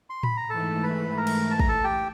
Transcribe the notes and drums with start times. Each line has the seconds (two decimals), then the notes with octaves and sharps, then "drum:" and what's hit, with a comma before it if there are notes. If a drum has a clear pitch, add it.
0.10 C6
0.23 B5, drum: tom A2
0.37 A#5
0.50 G#2 E3 A3 A4 A5
0.83 B4 B5
1.17 A#4 A#5
1.27 drum: cymbal
1.51 A5
1.59 A#5, drum: kick
1.69 A4 A5
1.84 G4 G5